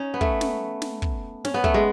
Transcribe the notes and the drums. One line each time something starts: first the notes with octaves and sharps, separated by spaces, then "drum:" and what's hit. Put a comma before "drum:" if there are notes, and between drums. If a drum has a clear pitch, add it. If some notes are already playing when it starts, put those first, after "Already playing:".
Already playing: C#4 D#4
B3
A3, drum: kick
drum: snare
drum: snare
drum: kick
C#4, drum: snare
B3
A3, drum: kick
G#3